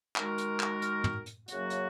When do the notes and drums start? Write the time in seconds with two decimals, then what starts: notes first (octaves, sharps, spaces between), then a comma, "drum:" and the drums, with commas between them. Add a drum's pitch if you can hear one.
0.16 D#3 G#3 F#4 A#4, drum: clap
0.38 drum: hi-hat
0.60 drum: clap
0.82 drum: hi-hat
1.04 drum: tom
1.26 drum: hi-hat
1.48 F#2 C#3 F#3 A#3 F#4, drum: hi-hat
1.70 drum: hi-hat